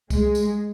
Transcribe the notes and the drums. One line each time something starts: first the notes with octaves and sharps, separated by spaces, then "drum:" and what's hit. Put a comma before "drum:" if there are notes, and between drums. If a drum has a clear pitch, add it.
G#3, drum: kick C2, tambourine
drum: tambourine